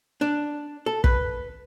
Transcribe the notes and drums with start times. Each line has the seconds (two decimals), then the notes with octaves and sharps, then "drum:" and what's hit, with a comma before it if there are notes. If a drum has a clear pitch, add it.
0.21 D4
0.86 A4
1.04 B4, drum: kick